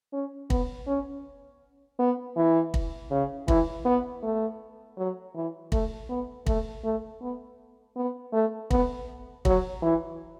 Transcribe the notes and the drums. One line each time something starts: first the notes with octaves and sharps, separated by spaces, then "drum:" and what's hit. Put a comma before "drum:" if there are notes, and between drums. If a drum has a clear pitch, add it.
C#4
B3, drum: kick
C#4
B3
E3
drum: kick
C#3
E3, drum: kick
B3
A3
F#3
E3
A3, drum: kick
B3
A3, drum: kick
A3
B3
B3
A3
B3, drum: kick
F#3, drum: kick
E3